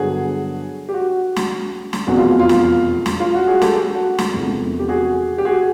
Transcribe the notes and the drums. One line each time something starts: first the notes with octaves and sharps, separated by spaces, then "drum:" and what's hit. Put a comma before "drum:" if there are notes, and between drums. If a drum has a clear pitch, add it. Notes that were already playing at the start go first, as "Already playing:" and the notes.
Already playing: G2 D3 F#3 B3 F#4 G#4
G4
F#4
drum: snare
drum: snare
F1 E2 B2 F#3 F#4
F4
F4
drum: snare
drum: snare
F4
F#4
F#4 G#4
G4 A4, drum: snare
F#4
drum: snare
E1 E2 C3 F3 A3
G4
F#4 G#4
G4
F#4 G#4